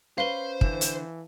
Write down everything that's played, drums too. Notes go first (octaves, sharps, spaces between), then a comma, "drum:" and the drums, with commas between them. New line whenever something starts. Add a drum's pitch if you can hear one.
C#4 B4 C5 F5 G7
D3 E3, drum: kick
drum: hi-hat